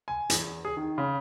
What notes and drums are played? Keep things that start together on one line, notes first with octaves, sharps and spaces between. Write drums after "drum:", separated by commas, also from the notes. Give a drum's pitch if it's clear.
G#5
E2, drum: hi-hat
G#4
D#3
C#3